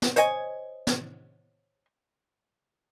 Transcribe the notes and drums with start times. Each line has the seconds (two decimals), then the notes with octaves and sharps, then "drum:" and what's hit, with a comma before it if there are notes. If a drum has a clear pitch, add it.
0.02 drum: snare
0.16 C5 C#5 D#5 G#5, drum: hi-hat
0.87 drum: snare